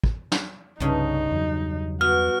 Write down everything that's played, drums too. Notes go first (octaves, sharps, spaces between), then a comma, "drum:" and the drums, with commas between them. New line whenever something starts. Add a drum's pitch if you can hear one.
drum: kick
drum: snare
C2 G2 C#3 D#4
E2 F#3
B3 F#4 F6